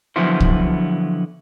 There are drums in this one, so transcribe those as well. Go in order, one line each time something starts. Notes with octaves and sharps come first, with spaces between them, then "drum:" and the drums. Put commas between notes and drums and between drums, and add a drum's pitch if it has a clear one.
D3 F3 F#3 B3 E4 C5
drum: kick